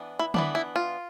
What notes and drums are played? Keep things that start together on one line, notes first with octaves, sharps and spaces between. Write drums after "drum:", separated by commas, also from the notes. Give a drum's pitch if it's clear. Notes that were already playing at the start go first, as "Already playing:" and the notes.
Already playing: E3 B3 D4
E4
E3 B3 D4, drum: tom D3
E4
F4